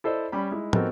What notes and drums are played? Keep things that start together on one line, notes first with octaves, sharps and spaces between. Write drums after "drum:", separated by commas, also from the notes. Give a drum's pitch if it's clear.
E4 A4 C5 D5 D#5
G3 C#4 B5
G#3 D#4 E4
B3 C4 D#4 F#4 A4 A#4, drum: tom